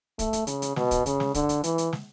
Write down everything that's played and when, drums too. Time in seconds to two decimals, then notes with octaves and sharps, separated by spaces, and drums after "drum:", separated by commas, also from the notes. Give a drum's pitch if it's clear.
0.19 A3, drum: kick, hi-hat
0.33 drum: hi-hat
0.47 C#3, drum: hi-hat
0.62 drum: hi-hat
0.76 B2, drum: snare
0.91 drum: kick, hi-hat
1.06 C#3, drum: hi-hat
1.20 drum: snare
1.34 D3, drum: kick, hi-hat
1.49 drum: hi-hat
1.64 E3, drum: hi-hat
1.78 drum: hi-hat
1.93 drum: snare